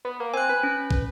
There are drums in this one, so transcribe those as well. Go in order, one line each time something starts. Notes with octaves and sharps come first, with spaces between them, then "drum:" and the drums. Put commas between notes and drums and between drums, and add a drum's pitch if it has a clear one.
B3
A#3
C4 G#5 F#6
B4
C#4
drum: kick